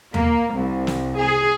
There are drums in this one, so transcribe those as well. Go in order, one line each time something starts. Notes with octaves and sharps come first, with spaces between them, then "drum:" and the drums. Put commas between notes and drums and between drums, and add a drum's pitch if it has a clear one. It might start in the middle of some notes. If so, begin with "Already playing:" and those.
A#3, drum: tom
C2
drum: snare
G#4